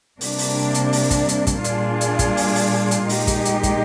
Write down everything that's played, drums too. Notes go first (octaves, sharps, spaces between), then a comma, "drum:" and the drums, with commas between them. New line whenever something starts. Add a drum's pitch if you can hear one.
C3 G3 A#3 D4, drum: open hi-hat
drum: open hi-hat
drum: hi-hat
drum: open hi-hat
drum: kick, hi-hat
drum: hi-hat
drum: kick, hi-hat
A#2 G3 D4 F4 G#4, drum: hi-hat
drum: hi-hat
drum: kick, hi-hat
drum: open hi-hat
drum: open hi-hat
drum: hi-hat
A#2 G#3 D#4 G4, drum: open hi-hat
drum: kick, hi-hat
drum: hi-hat
drum: kick, hi-hat